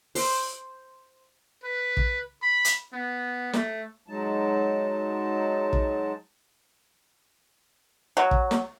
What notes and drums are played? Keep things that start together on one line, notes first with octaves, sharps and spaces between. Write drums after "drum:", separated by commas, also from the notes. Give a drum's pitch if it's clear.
C5, drum: open hi-hat
B4
drum: kick
B5
drum: hi-hat
B3
A3, drum: snare
F#3 G#3 D#4 A5
drum: kick
F#3
drum: kick
drum: snare